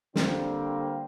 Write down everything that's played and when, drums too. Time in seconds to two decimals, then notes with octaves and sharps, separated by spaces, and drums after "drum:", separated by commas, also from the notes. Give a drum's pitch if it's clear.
0.16 D3 G3 A#3 C4, drum: snare